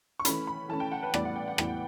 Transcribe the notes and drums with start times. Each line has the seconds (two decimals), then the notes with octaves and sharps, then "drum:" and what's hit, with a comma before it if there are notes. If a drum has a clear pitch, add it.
0.20 C#6
0.25 E3 A3 C#4 B5, drum: hi-hat
0.47 B5
0.69 E3 A3 C#4 A5
0.80 G5
0.92 F#5
1.03 B4
1.14 A2 E3 G3 B3 D5, drum: rim click
1.25 F#5
1.36 G5
1.48 F#5
1.58 A2 E3 G3 B3 G5, drum: rim click